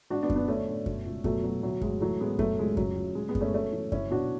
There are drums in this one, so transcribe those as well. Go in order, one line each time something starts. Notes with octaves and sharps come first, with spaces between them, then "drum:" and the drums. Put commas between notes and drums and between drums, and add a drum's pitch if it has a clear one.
G#1 D4 F#4
B3 D4
F#2, drum: kick F#2
B3 D4
D3 A3 C#4
D3
B2, drum: kick F#2
C#2
B2 F#3 A3, drum: kick F#2
B2 F#3
D2 F#3
D2 G#3, drum: kick F#2
E3 F#3 A3
A1 G#3 B3
B2 F#3 A3, drum: kick F#2
C#2 G#3
C#3 F#3, drum: kick F#2
D2
C#3 G#3
G#3 B3
C#3, drum: kick F#2
A3 C#4
F#2 A3 C#4
E3
F#1 C#4 E4, drum: kick F#2
B2 D4 F#4